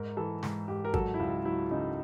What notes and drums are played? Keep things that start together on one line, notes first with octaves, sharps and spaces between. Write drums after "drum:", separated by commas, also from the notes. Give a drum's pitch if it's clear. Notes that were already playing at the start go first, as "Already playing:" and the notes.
Already playing: G#2 A#4
E3 A4
G#2, drum: snare
G#2 G4
A#4
F#3 A4, drum: kick G#1
E4
C#2 F4
F#3 E4
C#3 D#4